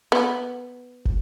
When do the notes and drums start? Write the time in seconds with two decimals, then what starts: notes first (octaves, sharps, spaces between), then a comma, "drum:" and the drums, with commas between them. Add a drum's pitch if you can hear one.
0.12 B3
1.05 drum: kick